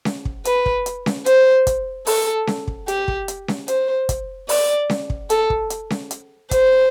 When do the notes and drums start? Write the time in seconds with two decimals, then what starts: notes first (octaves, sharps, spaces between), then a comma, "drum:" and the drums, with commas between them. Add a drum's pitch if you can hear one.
0.05 drum: snare C#4
0.25 drum: kick
0.45 B4, drum: hi-hat
0.66 drum: kick
0.86 drum: hi-hat
1.06 drum: snare C#4
1.26 C5, drum: hi-hat
1.67 drum: kick, hi-hat
2.07 A4, drum: open hi-hat
2.47 drum: snare C#4
2.68 drum: kick
2.88 G4, drum: hi-hat
3.08 drum: kick
3.28 drum: hi-hat
3.48 drum: snare C#4
3.68 C5, drum: hi-hat
4.09 drum: kick, hi-hat
4.49 D5, drum: open hi-hat
4.90 drum: snare C#4
5.10 drum: kick
5.30 A4, drum: hi-hat
5.50 drum: kick
5.70 drum: hi-hat
5.90 drum: snare C#4
6.11 drum: hi-hat
6.51 C5, drum: kick, hi-hat